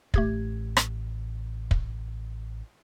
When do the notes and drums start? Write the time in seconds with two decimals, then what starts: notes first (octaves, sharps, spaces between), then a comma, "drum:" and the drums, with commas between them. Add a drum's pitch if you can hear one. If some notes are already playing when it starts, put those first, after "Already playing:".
0.14 A1 A3 G4 G#6, drum: kick
0.77 drum: rim click
1.71 drum: kick